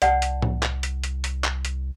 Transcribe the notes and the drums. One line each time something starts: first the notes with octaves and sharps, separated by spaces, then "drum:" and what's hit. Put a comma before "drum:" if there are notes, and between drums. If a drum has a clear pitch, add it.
C2 D5 F#5 A5, drum: hi-hat
drum: hi-hat
drum: tom
drum: clap
drum: hi-hat
drum: hi-hat
drum: hi-hat
drum: clap
drum: hi-hat